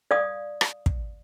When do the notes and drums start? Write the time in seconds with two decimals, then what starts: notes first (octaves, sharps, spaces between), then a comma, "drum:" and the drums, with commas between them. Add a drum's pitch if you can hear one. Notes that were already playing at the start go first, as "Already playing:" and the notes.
0.11 D5 F5 D#6
0.61 drum: rim click
0.86 drum: kick